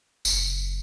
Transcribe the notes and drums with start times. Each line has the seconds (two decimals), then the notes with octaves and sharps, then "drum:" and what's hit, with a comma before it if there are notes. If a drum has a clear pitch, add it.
0.25 F#1, drum: tambourine